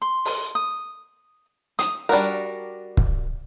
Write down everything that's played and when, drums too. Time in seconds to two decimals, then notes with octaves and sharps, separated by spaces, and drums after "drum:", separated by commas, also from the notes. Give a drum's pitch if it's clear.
0.02 C6
0.25 drum: open hi-hat
0.55 D#6
1.79 D#6, drum: hi-hat
2.09 G3 D4 F#4 A#4
2.97 drum: kick